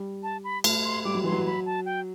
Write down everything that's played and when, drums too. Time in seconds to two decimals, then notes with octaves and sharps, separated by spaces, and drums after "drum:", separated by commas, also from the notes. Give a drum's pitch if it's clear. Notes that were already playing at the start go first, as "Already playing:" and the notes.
Already playing: G3
0.23 A5
0.44 B5
0.64 A3, drum: cymbal
0.85 C6
1.05 G3 D6
1.15 F#3
1.24 E3 C6
1.32 F#3
1.46 B5
1.66 A5
1.86 G5